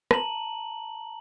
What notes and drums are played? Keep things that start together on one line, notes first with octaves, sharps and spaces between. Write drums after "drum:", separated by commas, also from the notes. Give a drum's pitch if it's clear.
A5 A#5 F#7, drum: rim click